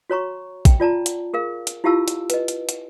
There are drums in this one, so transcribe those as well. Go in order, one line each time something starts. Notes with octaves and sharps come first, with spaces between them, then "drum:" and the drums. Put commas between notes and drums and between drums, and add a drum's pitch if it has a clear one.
F#4 C#5 A#5 C#6
G5, drum: kick, hi-hat
F4 D5 A5 A#5
drum: hi-hat
G#4 A#4 F5
drum: hi-hat
E4 F4 G4 F5 A5 E6
drum: hi-hat
B4 D#5, drum: hi-hat
drum: hi-hat
drum: hi-hat